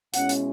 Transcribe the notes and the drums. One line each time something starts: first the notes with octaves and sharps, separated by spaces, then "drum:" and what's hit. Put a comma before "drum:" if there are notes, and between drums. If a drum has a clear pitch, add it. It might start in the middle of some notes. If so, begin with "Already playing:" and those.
B2 G#3 C#4 E4 F#5, drum: hi-hat
drum: hi-hat